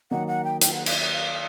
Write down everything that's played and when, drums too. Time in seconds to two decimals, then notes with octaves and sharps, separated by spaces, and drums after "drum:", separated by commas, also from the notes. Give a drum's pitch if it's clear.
0.11 D#3 F#3 A#3 D#4 F#5
0.28 F#5
0.44 G5
0.61 G5, drum: hi-hat
0.74 F#5
0.86 F5, drum: cymbal
0.99 E5
1.11 F5